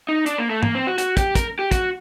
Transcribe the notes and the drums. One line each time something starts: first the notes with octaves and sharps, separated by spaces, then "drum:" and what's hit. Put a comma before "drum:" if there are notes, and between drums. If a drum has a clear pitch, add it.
D#4
D4, drum: hi-hat
A#3
A3
A#3, drum: tom
C4
F#4
F#4, drum: hi-hat
G4, drum: kick, hi-hat
A#4, drum: kick, hi-hat
G4
F#4, drum: kick, hi-hat